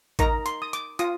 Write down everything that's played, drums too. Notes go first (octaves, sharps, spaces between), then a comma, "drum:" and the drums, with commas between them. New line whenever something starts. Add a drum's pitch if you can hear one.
D#4 A#4 A#5, drum: kick A1, hi-hat
C6, drum: hi-hat
D#6
D6, drum: hi-hat
F4 D#6, drum: hi-hat